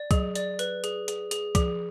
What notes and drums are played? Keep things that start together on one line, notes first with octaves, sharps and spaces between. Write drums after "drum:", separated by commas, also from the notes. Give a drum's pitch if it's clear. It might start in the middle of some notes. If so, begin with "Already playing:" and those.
Already playing: D5
F#3 G#4, drum: kick, hi-hat
D5, drum: hi-hat
B4, drum: hi-hat
G#4, drum: hi-hat
G#4, drum: hi-hat
G#4, drum: hi-hat
F3 G#4, drum: kick, hi-hat